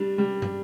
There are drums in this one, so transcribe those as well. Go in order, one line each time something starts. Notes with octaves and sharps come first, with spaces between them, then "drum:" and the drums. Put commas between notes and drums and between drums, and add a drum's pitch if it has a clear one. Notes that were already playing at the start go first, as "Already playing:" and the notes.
Already playing: G3 D4
G3
drum: tom